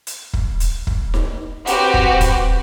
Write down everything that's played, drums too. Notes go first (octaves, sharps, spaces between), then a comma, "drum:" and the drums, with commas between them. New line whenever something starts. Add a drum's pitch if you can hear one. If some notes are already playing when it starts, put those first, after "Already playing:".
drum: hi-hat
drum: kick
drum: hi-hat
drum: kick
drum: snare D#4
C4 F#4 G4 B4, drum: hi-hat
drum: kick
drum: kick, hi-hat